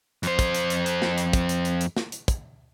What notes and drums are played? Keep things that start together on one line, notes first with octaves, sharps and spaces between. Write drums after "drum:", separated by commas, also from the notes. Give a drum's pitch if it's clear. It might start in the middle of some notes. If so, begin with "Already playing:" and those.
F2 C5, drum: hi-hat
drum: kick, hi-hat
drum: hi-hat
drum: hi-hat
drum: hi-hat
drum: snare
drum: hi-hat
drum: kick, hi-hat
drum: hi-hat
drum: hi-hat
drum: hi-hat
drum: snare
drum: hi-hat
drum: kick, hi-hat